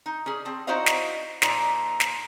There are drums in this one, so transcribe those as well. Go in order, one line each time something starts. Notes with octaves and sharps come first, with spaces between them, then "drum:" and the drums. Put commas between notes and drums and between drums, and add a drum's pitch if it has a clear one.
D#4
C#4 G#4
C4 A5
D#4 E4 F#4 C5 D#5 F5
drum: snare
A#2 F3 D#4 A4 A#5, drum: snare
drum: snare